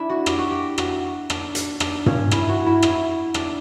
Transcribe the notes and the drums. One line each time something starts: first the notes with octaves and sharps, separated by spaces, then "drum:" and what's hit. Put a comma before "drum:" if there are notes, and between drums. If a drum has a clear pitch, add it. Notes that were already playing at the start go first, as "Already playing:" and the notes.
Already playing: D4 E4
F#4
G4, drum: rim click
F#4
G4
F#4, drum: rim click
D4, drum: rim click
drum: hi-hat
D4, drum: rim click
C#4, drum: tom
E4, drum: rim click
F#4
E4
E4, drum: rim click
D4, drum: rim click